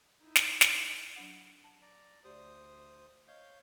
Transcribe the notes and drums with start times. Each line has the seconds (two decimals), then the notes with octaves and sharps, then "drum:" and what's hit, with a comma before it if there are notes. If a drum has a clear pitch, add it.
0.23 D#4 E4
0.36 drum: snare
0.61 drum: snare
1.16 F#3 D4 F#5
1.64 A5
1.82 D5 A#5
2.24 D2 G4 C5 D5 D#6
3.28 C#5 D#5 F5 G6